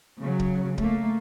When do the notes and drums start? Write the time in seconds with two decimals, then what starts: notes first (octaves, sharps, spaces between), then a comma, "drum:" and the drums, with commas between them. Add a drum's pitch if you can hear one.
0.20 C#3 F#3
0.39 drum: kick
0.78 A3 A#3, drum: kick